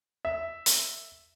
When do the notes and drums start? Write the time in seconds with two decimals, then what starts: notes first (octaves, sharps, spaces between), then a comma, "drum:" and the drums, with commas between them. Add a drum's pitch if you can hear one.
0.25 E5
0.66 drum: hi-hat